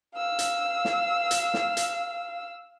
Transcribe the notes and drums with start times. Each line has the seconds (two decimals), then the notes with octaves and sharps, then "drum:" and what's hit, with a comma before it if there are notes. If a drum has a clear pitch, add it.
0.16 F5 E6
0.39 drum: hi-hat
0.85 drum: snare
1.31 drum: hi-hat
1.54 drum: snare
1.77 drum: hi-hat